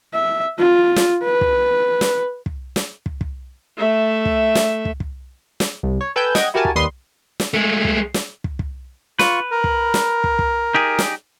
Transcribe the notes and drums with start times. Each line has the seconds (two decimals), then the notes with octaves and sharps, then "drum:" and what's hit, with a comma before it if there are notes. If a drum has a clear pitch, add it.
0.14 E5
0.59 F4
0.96 drum: snare
1.23 B4
1.41 drum: kick
2.01 drum: snare
2.46 drum: kick
2.76 drum: snare
3.06 drum: kick
3.21 drum: kick
3.77 A3 E5
4.25 drum: kick
4.55 drum: snare
4.85 drum: kick
5.00 drum: kick
5.60 drum: snare
5.83 C2
6.01 C#5
6.16 A4 B4 G5 G#5 E6 G6
6.35 D#5 F#5 G5 G#6, drum: snare
6.54 E4 F#4 G4 A#4 G#5 A5
6.65 drum: kick
6.76 D#2 G3 B4 C6 D#6
7.40 drum: snare
7.54 G#3 A3
7.84 drum: kick
8.14 drum: snare
8.44 drum: kick
8.59 drum: kick
9.19 F4 B4 C#6, drum: snare
9.51 A#4
9.64 drum: kick
9.94 drum: snare
10.24 drum: kick
10.39 drum: kick
10.75 D#4 G4 G#4
10.99 drum: snare